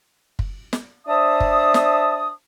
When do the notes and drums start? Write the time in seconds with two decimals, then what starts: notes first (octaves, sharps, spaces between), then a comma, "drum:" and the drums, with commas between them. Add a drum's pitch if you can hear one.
0.39 drum: kick
0.73 drum: snare
1.07 D4 C5 E5 A5 D#6
1.40 drum: kick
1.74 drum: snare